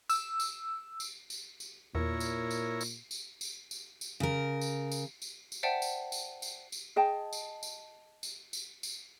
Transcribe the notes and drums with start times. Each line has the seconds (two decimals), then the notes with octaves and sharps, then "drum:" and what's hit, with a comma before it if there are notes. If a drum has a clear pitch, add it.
0.10 E6, drum: tambourine
0.40 drum: tambourine
1.00 drum: tambourine
1.30 drum: tambourine
1.60 drum: tambourine
1.95 E2 A#2 E4 A#4 C#5
2.20 drum: tambourine
2.51 drum: tambourine
2.81 drum: tambourine
3.11 drum: tambourine
3.41 drum: tambourine
3.71 drum: tambourine
4.01 drum: tambourine
4.20 C#3 A#4
4.61 drum: tambourine
4.92 drum: tambourine
5.22 drum: tambourine
5.52 drum: tambourine
5.63 C5 D5 E5 F#5 G5 A5
5.82 drum: tambourine
6.12 drum: tambourine
6.42 drum: tambourine
6.72 drum: tambourine
6.96 G#4 D#5 G5 A5
7.33 drum: tambourine
7.63 drum: tambourine
8.23 drum: tambourine
8.53 drum: tambourine
8.83 drum: tambourine